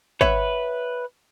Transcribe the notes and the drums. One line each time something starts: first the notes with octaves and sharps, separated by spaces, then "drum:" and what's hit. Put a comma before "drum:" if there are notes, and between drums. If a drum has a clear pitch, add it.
B4 C#5 E5 F#5, drum: kick